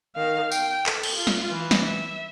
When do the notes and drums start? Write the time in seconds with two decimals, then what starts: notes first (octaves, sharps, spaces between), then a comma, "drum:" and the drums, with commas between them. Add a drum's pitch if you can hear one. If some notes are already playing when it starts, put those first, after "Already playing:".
0.16 D#3 F5
0.52 G5, drum: tambourine
0.86 A4, drum: clap
1.03 drum: cymbal
1.16 F4
1.27 drum: snare
1.50 E3
1.71 drum: snare
1.82 E5